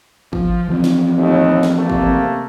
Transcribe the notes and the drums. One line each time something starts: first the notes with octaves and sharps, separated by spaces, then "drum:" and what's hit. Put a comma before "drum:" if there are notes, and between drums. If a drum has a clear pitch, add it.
F3, drum: kick
E3 F3 C4
drum: snare
D#2 A2
drum: snare
C3 A3 A#3
drum: kick